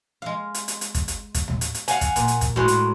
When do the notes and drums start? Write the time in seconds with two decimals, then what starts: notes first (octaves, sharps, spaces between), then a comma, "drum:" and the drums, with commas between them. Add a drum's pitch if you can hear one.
0.22 G#3 F5
0.54 drum: hi-hat
0.68 drum: hi-hat
0.81 drum: hi-hat
0.94 drum: kick, hi-hat
1.08 drum: hi-hat
1.34 drum: kick, hi-hat
1.48 drum: tom
1.61 drum: hi-hat
1.74 drum: hi-hat
1.88 F5 F#5 G#5, drum: hi-hat
2.01 drum: kick, hi-hat
2.16 A#2, drum: hi-hat
2.28 drum: hi-hat
2.41 drum: kick, hi-hat
2.56 A2 F#3 G#3 C5
2.68 drum: hi-hat